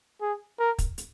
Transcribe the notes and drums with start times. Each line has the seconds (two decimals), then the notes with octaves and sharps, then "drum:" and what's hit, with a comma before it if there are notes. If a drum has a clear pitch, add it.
0.21 G#4
0.59 A#4
0.79 drum: kick, hi-hat
0.98 drum: hi-hat